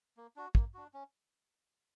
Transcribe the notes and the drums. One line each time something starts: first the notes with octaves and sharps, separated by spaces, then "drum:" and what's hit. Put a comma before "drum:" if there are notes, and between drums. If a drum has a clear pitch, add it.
A#3
D4 F#4
A#3, drum: kick
D4 F#4
C#4